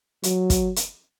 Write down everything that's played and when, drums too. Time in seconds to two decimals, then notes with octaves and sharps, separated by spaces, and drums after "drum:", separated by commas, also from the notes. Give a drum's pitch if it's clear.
0.23 F#3, drum: hi-hat
0.50 drum: kick, hi-hat
0.76 drum: hi-hat